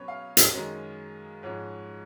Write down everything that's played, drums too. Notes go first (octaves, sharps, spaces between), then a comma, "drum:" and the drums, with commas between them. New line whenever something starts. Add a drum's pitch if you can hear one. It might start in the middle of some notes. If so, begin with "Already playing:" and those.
Already playing: B2 F#3 C#4 B4 C#5
F5
drum: hi-hat
F#2 D#3 G#3 C#4
G#2 F3 G#3 C#4 C#5